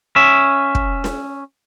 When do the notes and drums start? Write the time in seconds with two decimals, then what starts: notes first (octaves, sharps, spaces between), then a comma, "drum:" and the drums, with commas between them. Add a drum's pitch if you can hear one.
0.16 C#4 E5
0.75 drum: kick
1.04 drum: snare C#4